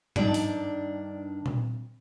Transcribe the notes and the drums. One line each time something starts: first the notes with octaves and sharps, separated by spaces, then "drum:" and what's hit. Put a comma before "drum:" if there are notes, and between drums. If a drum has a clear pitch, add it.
G2 D#3 D4 D5, drum: tom G#2
drum: open hi-hat
drum: tom A#2